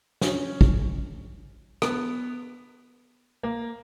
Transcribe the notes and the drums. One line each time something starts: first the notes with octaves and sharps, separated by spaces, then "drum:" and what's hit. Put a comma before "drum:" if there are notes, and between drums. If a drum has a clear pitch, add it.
C#4, drum: snare
drum: kick
B3, drum: rim click
A#3